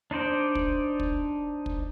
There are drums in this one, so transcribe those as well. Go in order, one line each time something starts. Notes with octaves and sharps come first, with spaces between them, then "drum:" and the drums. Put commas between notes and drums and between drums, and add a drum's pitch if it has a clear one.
D4 D#4 C5 D5
drum: kick
drum: kick
drum: kick